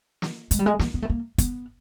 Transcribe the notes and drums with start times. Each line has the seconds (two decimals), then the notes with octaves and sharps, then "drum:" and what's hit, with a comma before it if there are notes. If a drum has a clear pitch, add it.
0.22 drum: snare
0.51 G#3, drum: hi-hat
0.59 G3
0.66 G#3
0.79 A#3, drum: snare
0.94 B3
1.02 A3
1.10 A#3
1.38 B3, drum: kick, hi-hat